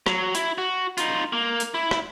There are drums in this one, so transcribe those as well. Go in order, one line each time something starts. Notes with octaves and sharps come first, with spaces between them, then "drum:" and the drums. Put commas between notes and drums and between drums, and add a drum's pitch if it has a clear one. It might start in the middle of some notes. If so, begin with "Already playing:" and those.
F#3, drum: rim click
E4, drum: hi-hat
F#4
D#4 F4, drum: hi-hat
A#3
drum: hi-hat
E4
drum: rim click